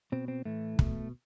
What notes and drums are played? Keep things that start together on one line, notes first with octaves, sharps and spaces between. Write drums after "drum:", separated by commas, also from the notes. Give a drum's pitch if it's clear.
B2 C4
C4
A2 E3 A3
B2, drum: kick